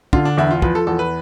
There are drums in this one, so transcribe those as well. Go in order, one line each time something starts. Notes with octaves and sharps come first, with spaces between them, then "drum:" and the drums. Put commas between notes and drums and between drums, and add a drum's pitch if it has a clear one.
D3 F4, drum: kick
D4
E2 E4
F4
F3 B4, drum: kick
A4
E2 A4
B4